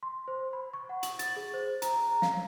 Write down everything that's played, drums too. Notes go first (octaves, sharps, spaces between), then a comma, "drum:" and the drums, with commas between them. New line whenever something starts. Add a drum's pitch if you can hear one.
C6
C5
B5
C#6
F#5
F#7, drum: hi-hat
A6, drum: hi-hat
G#4
C5
A#5, drum: hi-hat
A#5
F5, drum: snare